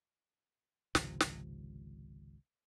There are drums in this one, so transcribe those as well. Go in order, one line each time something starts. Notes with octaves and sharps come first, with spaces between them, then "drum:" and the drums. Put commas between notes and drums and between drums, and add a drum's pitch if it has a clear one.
G#1 C#2 C3 F3, drum: snare
drum: snare